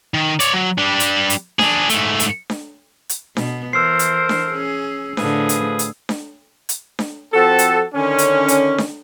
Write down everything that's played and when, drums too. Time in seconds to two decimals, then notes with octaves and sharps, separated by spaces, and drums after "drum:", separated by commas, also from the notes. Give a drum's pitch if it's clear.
0.14 D#3
0.40 C#5 D5, drum: hi-hat
0.53 F#3
0.78 G3 D4
1.00 drum: hi-hat
1.30 drum: hi-hat
1.59 D4 G#4, drum: snare D4
1.90 G#2 A3, drum: hi-hat
2.20 drum: hi-hat
2.50 drum: snare D4
3.09 drum: hi-hat
3.37 B2 B3, drum: snare D4
3.73 E3 A4 A#4 C5 E6 C7
3.99 drum: hi-hat
4.29 drum: snare D4
4.51 C#4 G#4
5.17 A2 D3 F3 G#4 B4, drum: snare D4
5.49 drum: hi-hat
5.79 drum: hi-hat
6.09 drum: snare D4
6.69 drum: hi-hat
6.99 drum: snare D4
7.34 F3 C4 F#4 A4
7.59 drum: hi-hat
7.95 D3 D#3 C#4
8.18 drum: hi-hat
8.48 drum: hi-hat
8.78 drum: snare D4